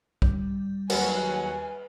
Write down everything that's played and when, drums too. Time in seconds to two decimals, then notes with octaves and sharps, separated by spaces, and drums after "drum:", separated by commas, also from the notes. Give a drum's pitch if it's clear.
0.22 G3, drum: kick
0.90 D#2 F#3 B4 F#5 G#5, drum: cymbal